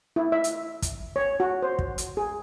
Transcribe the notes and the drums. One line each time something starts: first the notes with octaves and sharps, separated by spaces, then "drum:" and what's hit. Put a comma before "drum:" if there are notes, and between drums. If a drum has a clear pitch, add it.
E4
E5
drum: hi-hat
drum: kick, hi-hat
C#5
F#4
C5
drum: kick
drum: hi-hat
G#4